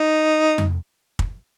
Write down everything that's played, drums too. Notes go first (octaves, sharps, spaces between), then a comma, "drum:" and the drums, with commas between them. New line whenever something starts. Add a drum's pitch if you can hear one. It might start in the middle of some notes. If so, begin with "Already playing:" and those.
Already playing: D#4
drum: tom F2
drum: kick